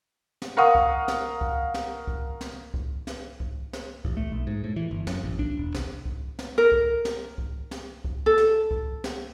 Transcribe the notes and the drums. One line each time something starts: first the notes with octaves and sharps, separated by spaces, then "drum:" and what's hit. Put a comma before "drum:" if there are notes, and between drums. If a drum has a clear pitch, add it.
drum: snare
A#4 F5 F#5 C#6 D#6
drum: kick C2
drum: snare
drum: kick C2
drum: snare
drum: kick C2
drum: snare
drum: kick C2
drum: snare
drum: kick C2
drum: snare
A1, drum: kick C2
A3
B1
G#2
A2
E3
G1
F#2, drum: snare
A1
D4, drum: kick C2
E1
C2, drum: snare
drum: kick C2
drum: snare
A#4
drum: kick C2
drum: snare
drum: kick C2
drum: snare
drum: kick C2
A4
drum: snare
drum: kick C2
drum: snare